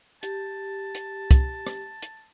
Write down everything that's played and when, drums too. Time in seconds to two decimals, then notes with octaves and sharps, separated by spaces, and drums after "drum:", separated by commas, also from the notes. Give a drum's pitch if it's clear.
0.23 G4 A5, drum: hi-hat
0.95 drum: hi-hat
1.31 drum: kick, hi-hat
1.67 drum: rim click
2.02 drum: hi-hat